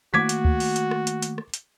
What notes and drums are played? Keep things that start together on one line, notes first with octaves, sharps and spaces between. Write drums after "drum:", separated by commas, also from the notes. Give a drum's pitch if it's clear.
D#3 A3 A#3 F#4 D6 G#6 B6
drum: hi-hat
drum: kick D2
drum: open hi-hat
drum: hi-hat
drum: rim click
drum: hi-hat
drum: hi-hat
drum: rim click
drum: hi-hat